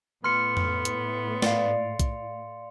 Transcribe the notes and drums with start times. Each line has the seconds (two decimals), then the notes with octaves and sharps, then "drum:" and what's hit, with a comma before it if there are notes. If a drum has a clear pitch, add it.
0.24 A2 B3 C6 F6 C#7
0.57 drum: tom F2
0.85 drum: hi-hat
1.42 D5 F5, drum: snare
2.00 drum: kick B1, hi-hat